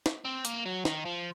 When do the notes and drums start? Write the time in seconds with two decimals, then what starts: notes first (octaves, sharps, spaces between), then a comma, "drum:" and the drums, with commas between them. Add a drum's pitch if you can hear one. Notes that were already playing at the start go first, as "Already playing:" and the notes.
0.06 drum: snare
0.25 C4
0.45 A#3, drum: hi-hat
0.65 F#3
0.85 D#3, drum: snare
1.06 F3